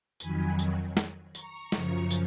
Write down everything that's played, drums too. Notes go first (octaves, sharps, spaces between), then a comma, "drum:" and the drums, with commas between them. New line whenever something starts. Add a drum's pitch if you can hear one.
F2 D#3 F#3 G#5 B5, drum: tambourine
drum: tambourine
drum: snare
A#5 C#6, drum: tambourine
F#2 C#3 F3 A#5 C#6, drum: snare
drum: tambourine